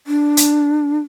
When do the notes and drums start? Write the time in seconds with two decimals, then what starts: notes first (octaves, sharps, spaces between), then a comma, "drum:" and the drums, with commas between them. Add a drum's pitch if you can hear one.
0.07 D4
0.37 drum: hi-hat